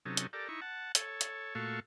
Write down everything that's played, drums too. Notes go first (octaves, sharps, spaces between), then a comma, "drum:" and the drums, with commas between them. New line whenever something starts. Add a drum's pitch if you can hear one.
C3 F#3 C#4 D#4 A4
drum: hi-hat
G4 A4 A#4 D5
D#4 E4 C#6
F#5 A5
A4 C#5, drum: hi-hat
drum: hi-hat
A#2 A3 F#4 A4 F5 C#6